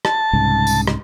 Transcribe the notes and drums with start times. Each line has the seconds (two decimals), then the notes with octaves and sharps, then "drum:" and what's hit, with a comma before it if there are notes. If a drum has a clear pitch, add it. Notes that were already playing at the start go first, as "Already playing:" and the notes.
0.05 A5, drum: rim click
0.33 C2 G#2 C#3
0.67 drum: tambourine
0.87 drum: rim click